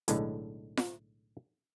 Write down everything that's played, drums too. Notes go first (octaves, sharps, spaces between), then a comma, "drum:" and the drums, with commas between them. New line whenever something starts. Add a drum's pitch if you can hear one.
B1 A2 D3 G#3, drum: hi-hat
drum: snare F4